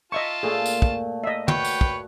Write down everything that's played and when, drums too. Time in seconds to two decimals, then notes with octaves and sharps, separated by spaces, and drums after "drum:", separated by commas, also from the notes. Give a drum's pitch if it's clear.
0.12 F4 D#5 E5 A5 C#6
0.43 A#2 A3 G#4 A4 B5
0.66 drum: tambourine
0.82 drum: kick
1.24 D#5 E5
1.48 F#4 B4 C#5 G5, drum: tom
1.65 drum: tambourine
1.81 drum: kick